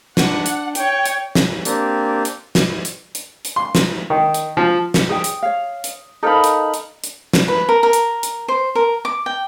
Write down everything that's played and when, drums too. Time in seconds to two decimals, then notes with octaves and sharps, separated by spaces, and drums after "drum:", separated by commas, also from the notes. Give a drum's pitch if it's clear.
0.17 D4 F#5, drum: snare
0.46 drum: hi-hat
0.75 C#5 G5, drum: hi-hat
1.06 drum: hi-hat
1.35 drum: snare
1.65 A#3 C4 D4 G4, drum: hi-hat
2.25 drum: hi-hat
2.55 drum: snare
2.85 drum: hi-hat
3.15 drum: hi-hat
3.45 drum: hi-hat
3.56 C6
3.75 drum: snare
4.10 D#3
4.34 drum: hi-hat
4.57 F3
4.94 drum: snare
5.09 G#4 G5 D#6
5.24 drum: hi-hat
5.43 C#5 F5
5.84 drum: hi-hat
6.23 D#4 A4 A#4 C5 F5 B5
6.44 drum: hi-hat
6.74 drum: hi-hat
7.04 drum: hi-hat
7.33 drum: snare
7.48 B4
7.69 A#4
7.83 A#4
7.93 drum: hi-hat
8.23 drum: hi-hat
8.48 C5
8.75 A#4
9.05 D6
9.26 G5